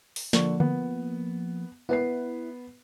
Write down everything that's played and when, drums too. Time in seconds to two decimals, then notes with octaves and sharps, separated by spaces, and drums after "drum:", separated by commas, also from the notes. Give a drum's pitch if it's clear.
0.16 drum: open hi-hat
0.33 D3 F3 A#3 C#6, drum: snare
0.60 B3, drum: tom D3
1.89 B3 E4 B4 C7